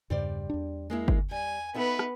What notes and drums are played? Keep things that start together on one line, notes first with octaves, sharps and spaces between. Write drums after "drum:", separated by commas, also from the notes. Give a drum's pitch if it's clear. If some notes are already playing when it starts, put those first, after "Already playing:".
E2 G2 C#3 G3 C5 D5
E2 D4
G#3 A#3 E4
drum: kick G1
G3 G#5
B3 D#4 A4 B4 E5
drum: rim click